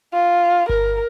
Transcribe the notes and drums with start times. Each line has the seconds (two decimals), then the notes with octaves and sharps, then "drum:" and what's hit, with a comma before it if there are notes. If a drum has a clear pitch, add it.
0.13 F4
0.69 A#4, drum: kick G1